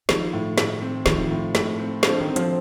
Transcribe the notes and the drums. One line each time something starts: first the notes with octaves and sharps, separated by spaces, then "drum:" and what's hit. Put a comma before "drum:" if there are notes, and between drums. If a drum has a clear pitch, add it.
D#3 F3, drum: snare
A2
A2, drum: snare
C4
D#3 F3, drum: snare
A2
A2, drum: snare
C4
D3 F3, drum: snare
D#3
C4
F3, drum: hi-hat